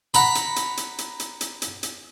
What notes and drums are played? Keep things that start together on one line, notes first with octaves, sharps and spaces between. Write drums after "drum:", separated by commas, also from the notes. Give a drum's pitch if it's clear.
F#5 A#5 B5, drum: hi-hat
drum: hi-hat
drum: hi-hat
drum: hi-hat
drum: hi-hat
drum: hi-hat
drum: hi-hat
drum: hi-hat
drum: hi-hat